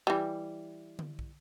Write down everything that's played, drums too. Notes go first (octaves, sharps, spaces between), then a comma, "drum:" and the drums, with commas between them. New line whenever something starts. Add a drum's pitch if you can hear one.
E3 G3
drum: tom D3
drum: kick